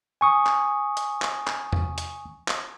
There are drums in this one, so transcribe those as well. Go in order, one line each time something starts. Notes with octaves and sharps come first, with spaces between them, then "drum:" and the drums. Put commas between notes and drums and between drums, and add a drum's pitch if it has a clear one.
G#5 C#6 D#6
drum: clap
drum: hi-hat
drum: clap
drum: clap
drum: tom E2
drum: hi-hat
drum: clap